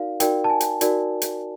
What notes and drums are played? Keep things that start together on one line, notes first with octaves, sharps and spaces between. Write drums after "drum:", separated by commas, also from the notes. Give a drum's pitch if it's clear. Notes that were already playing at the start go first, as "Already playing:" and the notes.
Already playing: D#4 F#4 A#4 D5 F5
D#4 F#4 A#4 D5 G5, drum: hi-hat
A5
G#5
drum: hi-hat
D#4 F#4 A#4 D5, drum: hi-hat
drum: hi-hat